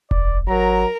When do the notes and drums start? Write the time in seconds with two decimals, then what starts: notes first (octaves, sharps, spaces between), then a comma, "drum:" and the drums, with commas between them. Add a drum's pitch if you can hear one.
0.11 G#1 D5, drum: kick E1
0.48 F#3 A#4 A#5